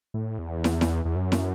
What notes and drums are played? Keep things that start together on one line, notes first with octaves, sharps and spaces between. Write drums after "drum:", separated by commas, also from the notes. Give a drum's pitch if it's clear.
A2
E2
drum: snare
drum: snare
E2
F#2
drum: snare